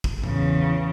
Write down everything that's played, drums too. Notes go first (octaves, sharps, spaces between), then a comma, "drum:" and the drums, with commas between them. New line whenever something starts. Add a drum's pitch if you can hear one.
drum: kick
E2 C#3, drum: tom A2